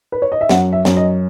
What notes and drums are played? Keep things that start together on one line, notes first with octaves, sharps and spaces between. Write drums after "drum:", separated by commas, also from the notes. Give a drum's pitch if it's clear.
B4
C#5
D#5
E5
F#2 F#5, drum: snare
E5
F#2, drum: snare
D#5